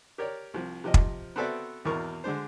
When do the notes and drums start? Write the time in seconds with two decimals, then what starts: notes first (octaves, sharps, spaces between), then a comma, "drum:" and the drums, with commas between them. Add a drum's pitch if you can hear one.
0.18 G4 A#4 C#5 D5
0.54 C2 F3
0.84 C3 F3 D#5
0.94 drum: kick
1.36 B3 C4 F#4 A4 D5 E5
1.85 G#1 E2 B2 E4 A#4 C#6
2.24 D3 G#3 D4 C5